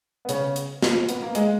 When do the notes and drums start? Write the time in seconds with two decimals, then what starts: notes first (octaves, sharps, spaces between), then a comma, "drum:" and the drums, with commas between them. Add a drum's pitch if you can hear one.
0.25 B3
0.29 C#3 C#4, drum: hi-hat
0.56 drum: hi-hat
0.82 drum: snare
1.09 B3, drum: hi-hat
1.22 A#3
1.35 G#3, drum: hi-hat